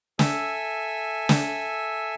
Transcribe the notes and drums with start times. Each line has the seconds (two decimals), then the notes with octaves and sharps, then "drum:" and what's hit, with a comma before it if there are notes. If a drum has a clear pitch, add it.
0.19 A4 E5 G#5, drum: snare
1.29 drum: snare